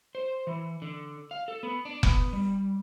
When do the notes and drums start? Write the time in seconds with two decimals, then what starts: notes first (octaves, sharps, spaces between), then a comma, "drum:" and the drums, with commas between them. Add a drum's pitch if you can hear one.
0.15 C5
0.47 E3
0.82 D3
1.31 F5
1.48 A4
1.63 B3
1.85 D4
2.03 B3, drum: kick F1
2.33 G3